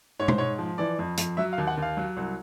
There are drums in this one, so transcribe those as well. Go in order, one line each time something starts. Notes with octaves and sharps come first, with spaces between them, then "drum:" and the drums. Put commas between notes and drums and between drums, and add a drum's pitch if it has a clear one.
G#2 C#5
C5, drum: tom
G#2 C#5
F3
E3 D5
F2
F2, drum: hi-hat
F#3 E5
F5
D#2
F#5
D#2
F5
F#3
C2